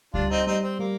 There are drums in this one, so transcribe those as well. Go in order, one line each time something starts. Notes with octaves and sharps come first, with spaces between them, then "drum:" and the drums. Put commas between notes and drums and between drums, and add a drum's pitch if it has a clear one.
G3 D4 F4, drum: kick C#2
C4 D#4
G3 C4 D#4
C4
G3 A#3